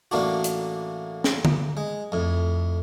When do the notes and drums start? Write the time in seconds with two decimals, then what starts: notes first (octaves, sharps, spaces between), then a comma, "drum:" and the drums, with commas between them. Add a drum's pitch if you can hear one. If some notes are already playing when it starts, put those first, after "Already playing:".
0.11 A1 A2 A#3 D4 F#4
0.44 drum: hi-hat
1.24 drum: snare
1.45 drum: tom D3
1.77 G#3
2.12 F2 A2